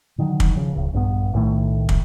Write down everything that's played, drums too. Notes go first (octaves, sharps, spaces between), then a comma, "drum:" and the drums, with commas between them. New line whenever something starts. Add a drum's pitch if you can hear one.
D3 D#3 F#3
drum: kick
C#3 F3
D1 C#2
A#1 G2 F3 B3
B1 A2 D#3 A3
drum: kick